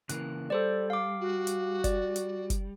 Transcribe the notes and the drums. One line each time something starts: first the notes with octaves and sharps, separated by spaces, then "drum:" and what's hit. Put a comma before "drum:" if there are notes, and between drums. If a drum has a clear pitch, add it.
C#3 E3 A#3 F#6, drum: hi-hat
G3 A4 C5 D5
F5 D6
F#4
drum: hi-hat
D5, drum: kick F#1, hi-hat
drum: hi-hat
drum: kick F#1, hi-hat